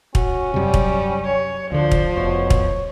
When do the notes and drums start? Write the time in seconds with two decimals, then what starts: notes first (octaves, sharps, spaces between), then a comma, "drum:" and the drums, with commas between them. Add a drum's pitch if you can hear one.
0.15 C#4 F#4, drum: kick
0.54 F#2 C3 G3
0.74 drum: kick
1.25 C#5
1.72 D2 D3 F3 D5
1.92 drum: kick
2.16 F1 B2 C#5
2.50 drum: kick